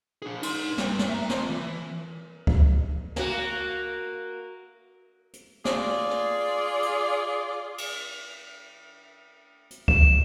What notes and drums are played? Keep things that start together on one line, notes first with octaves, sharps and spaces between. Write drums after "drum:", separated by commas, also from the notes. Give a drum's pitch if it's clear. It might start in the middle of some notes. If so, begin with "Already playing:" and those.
D4 G#4
D#4 C6, drum: cymbal
G2, drum: snare
drum: snare
E5 A#5
C4 F4, drum: snare
E3
drum: kick C#2
A#3 F#4, drum: snare
drum: hi-hat
F4 G#4 D5, drum: snare
drum: rim click
drum: hi-hat
drum: cymbal
drum: hi-hat
E7, drum: kick C#2